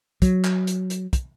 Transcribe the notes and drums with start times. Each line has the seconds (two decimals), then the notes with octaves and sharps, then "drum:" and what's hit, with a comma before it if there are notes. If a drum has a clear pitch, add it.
0.22 F#3, drum: kick, hi-hat
0.45 drum: clap
0.67 drum: hi-hat
0.90 drum: hi-hat
1.13 drum: kick, hi-hat